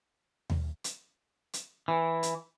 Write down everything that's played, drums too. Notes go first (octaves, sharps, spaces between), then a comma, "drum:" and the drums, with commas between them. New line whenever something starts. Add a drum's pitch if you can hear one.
drum: tom D#2
drum: hi-hat
drum: hi-hat
E3
drum: hi-hat